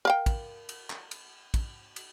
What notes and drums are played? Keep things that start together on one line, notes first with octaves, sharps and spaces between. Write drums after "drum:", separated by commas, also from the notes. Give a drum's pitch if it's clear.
A#4 F5 G5
drum: kick, cymbal
drum: cymbal
drum: clap
drum: cymbal
drum: kick, cymbal
drum: cymbal